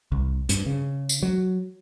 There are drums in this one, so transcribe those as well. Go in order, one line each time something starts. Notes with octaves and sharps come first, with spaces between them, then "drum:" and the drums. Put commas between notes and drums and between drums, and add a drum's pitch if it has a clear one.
C2
G2, drum: hi-hat
C#3
drum: tambourine
F#3